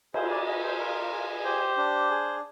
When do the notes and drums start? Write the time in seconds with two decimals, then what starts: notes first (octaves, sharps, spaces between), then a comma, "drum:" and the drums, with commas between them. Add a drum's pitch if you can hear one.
0.14 G#4 C5, drum: cymbal
0.30 D5
0.47 G#4 D#5
0.64 C5
0.79 F4 A#4
1.12 G#4
1.44 G4 C5
1.78 D4
2.10 G#4